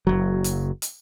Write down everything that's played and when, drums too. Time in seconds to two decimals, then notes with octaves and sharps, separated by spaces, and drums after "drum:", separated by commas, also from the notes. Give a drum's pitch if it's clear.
0.07 F#1 F#3
0.44 drum: hi-hat
0.82 drum: hi-hat